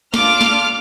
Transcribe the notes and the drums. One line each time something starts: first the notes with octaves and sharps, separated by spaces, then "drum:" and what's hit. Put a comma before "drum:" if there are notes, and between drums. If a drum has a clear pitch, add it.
D4 F4 A4 D6 F6, drum: snare
drum: snare